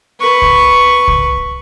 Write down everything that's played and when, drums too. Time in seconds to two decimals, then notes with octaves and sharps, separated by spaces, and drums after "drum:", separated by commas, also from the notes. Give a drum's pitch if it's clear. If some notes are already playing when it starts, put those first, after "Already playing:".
0.20 B4 C#6
0.42 drum: kick C2
1.08 drum: kick C2